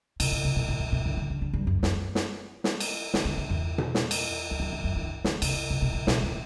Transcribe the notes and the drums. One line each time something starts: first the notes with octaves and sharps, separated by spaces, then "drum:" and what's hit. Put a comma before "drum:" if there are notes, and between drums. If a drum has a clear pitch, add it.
C3, drum: cymbal
C3
C3
B2
A2
B2
B2
D3
D3
D3
D3
G2
F#2
F#2, drum: snare
drum: snare
drum: snare
drum: cymbal
D3, drum: snare
D3
D3
E2
drum: tom B2
drum: snare
drum: cymbal
E2
F#2
E2
F#2
D3
D3, drum: snare
C3, drum: cymbal
C3
B2
B2
B2, drum: snare
A2